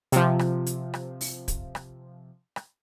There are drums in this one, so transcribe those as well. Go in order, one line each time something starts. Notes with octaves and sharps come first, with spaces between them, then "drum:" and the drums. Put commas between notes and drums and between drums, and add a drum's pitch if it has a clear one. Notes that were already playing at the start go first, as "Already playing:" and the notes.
C3 F3, drum: hi-hat
drum: rim click
drum: hi-hat
drum: rim click
drum: open hi-hat
drum: kick, hi-hat
drum: rim click
drum: rim click